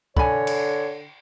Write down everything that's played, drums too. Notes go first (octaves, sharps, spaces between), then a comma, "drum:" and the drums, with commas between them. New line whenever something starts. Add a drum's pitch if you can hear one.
D3 C#5 G#5 B5, drum: kick
drum: cymbal